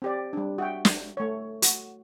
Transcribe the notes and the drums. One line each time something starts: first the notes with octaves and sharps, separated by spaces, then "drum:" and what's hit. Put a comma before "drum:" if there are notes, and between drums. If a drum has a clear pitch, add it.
C4 G4 D5
G3 D4
F#4 E5 G5
drum: snare
A3 C#5
F#4, drum: hi-hat